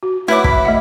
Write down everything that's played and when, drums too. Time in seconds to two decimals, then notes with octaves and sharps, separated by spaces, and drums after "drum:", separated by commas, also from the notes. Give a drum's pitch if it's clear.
0.03 F#4
0.28 A3 E4 B4 C#5 E5 F#5 D6
0.44 B5, drum: kick
0.65 A3 D#5 F#5